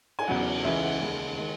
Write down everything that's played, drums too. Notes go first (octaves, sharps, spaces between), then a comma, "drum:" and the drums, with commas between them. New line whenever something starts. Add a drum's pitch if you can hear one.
G#5, drum: cymbal
E2 C#3 F#3 F#5
C#2 C#3 E3 G#3 E5
F#5
D#2 C#3 G#3
D#3 G#3